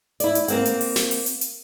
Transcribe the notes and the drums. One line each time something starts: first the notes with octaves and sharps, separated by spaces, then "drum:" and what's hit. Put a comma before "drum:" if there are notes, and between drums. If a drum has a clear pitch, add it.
E4 D5, drum: hi-hat
drum: hi-hat
A#3 C4 F#5, drum: hi-hat
drum: hi-hat
drum: open hi-hat
drum: snare
drum: open hi-hat
drum: hi-hat
drum: hi-hat